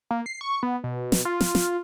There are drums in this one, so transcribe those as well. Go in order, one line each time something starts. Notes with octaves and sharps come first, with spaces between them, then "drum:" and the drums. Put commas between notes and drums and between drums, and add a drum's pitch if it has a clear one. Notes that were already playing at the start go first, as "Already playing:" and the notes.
A#3
C7
C#6
B3
B2
drum: snare
F4
drum: snare
drum: snare